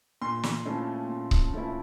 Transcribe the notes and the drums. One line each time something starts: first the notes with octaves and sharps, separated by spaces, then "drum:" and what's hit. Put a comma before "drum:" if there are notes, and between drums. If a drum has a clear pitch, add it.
A#2 C6
drum: snare
F3 A3 C#4 E4
A#2
drum: kick C#1
F3 A3 C#4 E4